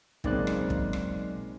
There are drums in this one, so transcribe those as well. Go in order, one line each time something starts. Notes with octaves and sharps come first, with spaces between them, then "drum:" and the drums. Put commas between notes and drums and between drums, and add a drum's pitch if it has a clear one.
B1 C#3 G#3 A#3 C4 D#4 D5 F#6, drum: kick
drum: rim click
drum: kick
drum: rim click